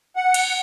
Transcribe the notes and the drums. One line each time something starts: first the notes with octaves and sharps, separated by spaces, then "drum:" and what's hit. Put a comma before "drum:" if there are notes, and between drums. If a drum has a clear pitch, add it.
F#5
drum: cymbal